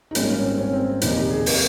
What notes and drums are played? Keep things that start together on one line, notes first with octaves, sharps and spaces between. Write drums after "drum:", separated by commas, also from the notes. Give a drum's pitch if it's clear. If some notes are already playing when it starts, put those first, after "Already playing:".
D#4
G#1 G#2 G3 A#3 C#4, drum: hi-hat
C#4
C4
C#4
C4
F1 D#2 D#3 D#4, drum: hi-hat
G4
G#4
A#4, drum: open hi-hat